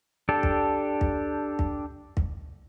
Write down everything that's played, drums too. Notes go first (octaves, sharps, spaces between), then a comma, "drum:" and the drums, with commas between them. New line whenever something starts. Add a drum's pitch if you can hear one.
D4 G4 A4
drum: kick
drum: kick
drum: kick
drum: kick